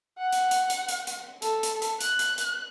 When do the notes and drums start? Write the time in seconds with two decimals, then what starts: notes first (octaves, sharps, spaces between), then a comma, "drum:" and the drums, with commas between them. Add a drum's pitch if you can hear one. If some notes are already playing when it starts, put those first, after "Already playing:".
0.19 F#5
0.32 drum: hi-hat
0.51 drum: hi-hat
0.70 drum: hi-hat
0.88 drum: hi-hat
1.07 drum: hi-hat
1.42 A4, drum: hi-hat
1.63 drum: hi-hat
1.82 drum: hi-hat
2.01 F#6, drum: hi-hat
2.19 drum: hi-hat
2.38 drum: hi-hat